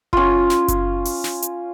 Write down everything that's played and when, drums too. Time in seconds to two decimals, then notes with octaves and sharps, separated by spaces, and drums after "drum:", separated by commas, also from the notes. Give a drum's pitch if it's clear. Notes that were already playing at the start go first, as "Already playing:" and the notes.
0.13 C#4 F4, drum: kick F#1
0.50 drum: snare
0.68 drum: kick F#1, hi-hat
1.05 drum: open hi-hat
1.24 drum: snare
1.42 drum: hi-hat